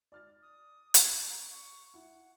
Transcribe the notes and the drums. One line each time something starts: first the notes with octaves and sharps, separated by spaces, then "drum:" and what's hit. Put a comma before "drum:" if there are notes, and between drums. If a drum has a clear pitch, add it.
D5 F6 A6
D#6
drum: hi-hat
A#5
C#6
E4 F#5